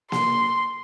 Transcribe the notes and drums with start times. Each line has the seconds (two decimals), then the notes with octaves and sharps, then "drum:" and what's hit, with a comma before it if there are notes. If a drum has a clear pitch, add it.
0.12 C6, drum: snare A#3